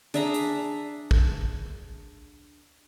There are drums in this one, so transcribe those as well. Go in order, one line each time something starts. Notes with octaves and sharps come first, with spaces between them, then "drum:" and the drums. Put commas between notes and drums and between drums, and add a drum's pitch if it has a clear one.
D4 G#4 E5 A#5, drum: hi-hat
drum: hi-hat
drum: kick